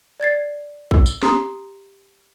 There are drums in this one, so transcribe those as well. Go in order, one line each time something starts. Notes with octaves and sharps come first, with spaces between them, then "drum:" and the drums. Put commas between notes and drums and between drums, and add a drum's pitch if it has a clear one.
D5 G#6 A6 C7
E6, drum: kick
drum: tambourine
G4 A#5 C6 D#6 C7, drum: snare